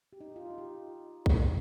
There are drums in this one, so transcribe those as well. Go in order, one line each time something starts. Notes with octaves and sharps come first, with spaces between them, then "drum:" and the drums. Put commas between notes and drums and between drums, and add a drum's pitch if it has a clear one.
G4
D#4
F4
D#4
G4
drum: kick B1